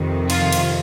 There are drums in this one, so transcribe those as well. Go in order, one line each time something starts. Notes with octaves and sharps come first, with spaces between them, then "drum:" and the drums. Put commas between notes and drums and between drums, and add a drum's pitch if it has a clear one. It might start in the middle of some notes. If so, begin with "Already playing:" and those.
Already playing: F2 C3 D#3
F4, drum: cymbal
drum: cymbal